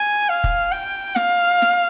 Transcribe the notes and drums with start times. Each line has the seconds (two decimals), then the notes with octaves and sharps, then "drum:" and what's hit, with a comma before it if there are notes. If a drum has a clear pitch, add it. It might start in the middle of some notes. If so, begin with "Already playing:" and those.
Already playing: G#5
0.29 F5
0.44 drum: kick
0.72 G5
1.16 F5, drum: snare
1.62 drum: snare